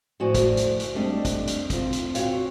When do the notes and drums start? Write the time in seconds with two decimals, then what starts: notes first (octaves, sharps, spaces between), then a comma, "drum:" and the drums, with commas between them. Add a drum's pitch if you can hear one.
0.20 A2 F3 F#4 C5 D5 G#5
0.34 drum: kick, hi-hat
0.57 drum: hi-hat
0.80 drum: hi-hat
0.95 G3 A3 C4 D4 D#5
1.25 drum: kick, hi-hat
1.47 drum: hi-hat
1.70 D2 C4 F4, drum: kick, hi-hat
1.93 drum: hi-hat
2.15 C4 C#4 F#4 C#5 F5, drum: hi-hat